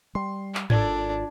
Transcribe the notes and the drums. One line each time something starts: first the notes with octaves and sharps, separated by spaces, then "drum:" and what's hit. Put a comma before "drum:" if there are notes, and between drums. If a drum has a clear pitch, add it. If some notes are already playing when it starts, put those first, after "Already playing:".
G3 C6
drum: clap
G#1 D4 F4 A4 A#4 D5 G#6, drum: tom G#2